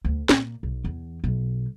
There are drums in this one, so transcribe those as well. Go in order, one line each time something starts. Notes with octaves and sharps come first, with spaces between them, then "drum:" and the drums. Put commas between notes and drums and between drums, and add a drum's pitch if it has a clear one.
D2
A#2, drum: snare
B1
E2
B1